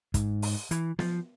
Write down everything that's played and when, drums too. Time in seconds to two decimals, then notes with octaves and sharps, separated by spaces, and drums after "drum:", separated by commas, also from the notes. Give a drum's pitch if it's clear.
0.14 G#2, drum: kick, hi-hat
0.42 drum: open hi-hat
0.71 E3, drum: hi-hat
0.99 F3, drum: snare B3